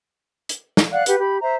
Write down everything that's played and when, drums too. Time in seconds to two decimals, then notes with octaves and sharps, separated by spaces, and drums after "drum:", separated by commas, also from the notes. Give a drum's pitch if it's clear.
0.49 drum: hi-hat
0.77 drum: snare
0.92 D5 F5 F#5 F#6
1.06 G4 B4 F#5, drum: hi-hat
1.19 G4 B5
1.42 C5 E5 A#5